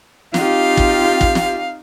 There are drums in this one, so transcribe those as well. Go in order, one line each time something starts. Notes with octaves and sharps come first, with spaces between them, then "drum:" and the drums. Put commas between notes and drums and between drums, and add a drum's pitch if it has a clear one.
C4 D#4 F4 G4 F5, drum: snare
drum: kick
drum: kick
drum: snare